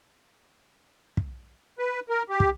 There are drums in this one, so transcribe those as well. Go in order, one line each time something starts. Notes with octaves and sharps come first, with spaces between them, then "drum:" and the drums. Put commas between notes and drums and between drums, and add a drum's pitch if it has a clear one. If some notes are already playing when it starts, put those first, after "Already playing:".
drum: kick
B4
A#4
G4
drum: kick